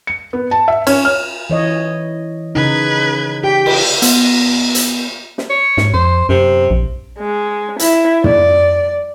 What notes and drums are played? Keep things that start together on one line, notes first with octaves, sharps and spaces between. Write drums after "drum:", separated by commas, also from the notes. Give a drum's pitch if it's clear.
C#7
B3
A5
E5
C#4, drum: cymbal
F6
E3 C#5 D#5
C#3 D#4 B4 G#6
G4 G5 B6
drum: cymbal
B3, drum: hi-hat
drum: hi-hat
drum: snare
C#5
G#2, drum: snare
F2 C5
F#2 C3
A#1
G#3
E4, drum: hi-hat
D5, drum: tom